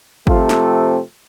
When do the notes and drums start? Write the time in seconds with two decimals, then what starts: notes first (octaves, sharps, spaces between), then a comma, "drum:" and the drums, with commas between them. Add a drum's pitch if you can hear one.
0.27 C3 F3 A3 C4 F4, drum: kick
0.49 drum: snare